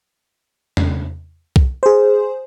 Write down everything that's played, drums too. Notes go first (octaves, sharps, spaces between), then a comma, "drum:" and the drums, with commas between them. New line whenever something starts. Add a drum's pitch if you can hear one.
drum: tom E2
drum: kick B1
G#4 C5